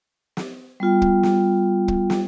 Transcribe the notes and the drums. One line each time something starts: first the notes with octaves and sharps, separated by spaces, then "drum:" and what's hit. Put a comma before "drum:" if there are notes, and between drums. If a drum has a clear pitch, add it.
drum: snare
G3 B3 F4 G5
drum: kick
drum: snare
drum: kick
drum: snare